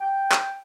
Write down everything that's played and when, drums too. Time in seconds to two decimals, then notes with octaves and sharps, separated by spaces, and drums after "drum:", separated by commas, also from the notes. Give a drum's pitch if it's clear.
0.01 G5
0.32 drum: clap